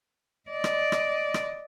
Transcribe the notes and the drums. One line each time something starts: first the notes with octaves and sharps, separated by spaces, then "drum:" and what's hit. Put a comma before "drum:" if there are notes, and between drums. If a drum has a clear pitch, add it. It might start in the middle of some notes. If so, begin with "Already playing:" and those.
D5 D#5
drum: rim click
drum: rim click
drum: rim click